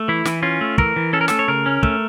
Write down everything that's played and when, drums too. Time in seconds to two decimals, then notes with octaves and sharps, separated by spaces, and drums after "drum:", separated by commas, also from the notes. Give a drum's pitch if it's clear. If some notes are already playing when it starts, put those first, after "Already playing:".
Already playing: A3
0.08 E3 E4
0.25 E3, drum: snare
0.43 C#4 F4
0.61 A3
0.78 E3 A#4, drum: kick
0.96 E3
1.13 C#4 A4
1.21 A#4
1.28 A3 A4, drum: snare
1.39 C#5
1.48 C#3 A#4
1.66 C#4
1.83 A3, drum: kick